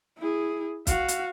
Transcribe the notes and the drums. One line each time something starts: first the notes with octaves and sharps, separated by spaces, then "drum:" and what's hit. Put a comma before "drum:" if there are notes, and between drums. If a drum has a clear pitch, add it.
E4 G#4
F#4 F5, drum: kick B1, hi-hat
drum: hi-hat